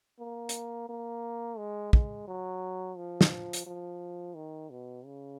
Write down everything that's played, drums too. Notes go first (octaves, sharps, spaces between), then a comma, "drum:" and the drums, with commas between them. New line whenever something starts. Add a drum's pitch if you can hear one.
A#3
drum: hi-hat
A#3
G#3
G#3, drum: kick
F#3
F3
drum: snare
drum: hi-hat
F3
D#3
B2
C#3